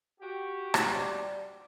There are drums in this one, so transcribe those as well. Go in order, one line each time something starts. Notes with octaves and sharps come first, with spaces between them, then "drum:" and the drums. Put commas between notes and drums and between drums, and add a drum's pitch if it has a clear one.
F#4 G4
G3 D4 C5, drum: rim click